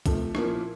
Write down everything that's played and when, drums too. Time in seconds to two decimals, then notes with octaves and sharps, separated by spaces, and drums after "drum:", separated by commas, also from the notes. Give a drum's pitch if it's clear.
0.06 C3 F3 A3, drum: kick A#1, hi-hat
0.35 A#2 F3 A#3 C#4 E4, drum: rim click